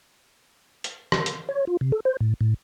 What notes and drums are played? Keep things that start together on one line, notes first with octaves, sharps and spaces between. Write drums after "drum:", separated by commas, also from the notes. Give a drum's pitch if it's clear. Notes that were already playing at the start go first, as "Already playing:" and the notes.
drum: hi-hat
drum: rim click
drum: hi-hat
C#5
F4
C3
A4
C5
A2
A2